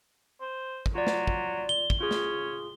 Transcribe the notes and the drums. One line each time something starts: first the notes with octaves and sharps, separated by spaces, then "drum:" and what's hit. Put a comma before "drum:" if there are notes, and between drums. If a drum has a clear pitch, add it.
C5
drum: kick
F#3 F4 D5
drum: snare
drum: kick
G7
drum: kick
C#4 F4 G#4
drum: snare